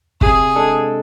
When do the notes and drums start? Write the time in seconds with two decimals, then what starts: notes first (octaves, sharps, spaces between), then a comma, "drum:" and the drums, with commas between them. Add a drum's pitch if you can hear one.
0.21 C3 G#4, drum: kick
0.56 G#3 D4 A4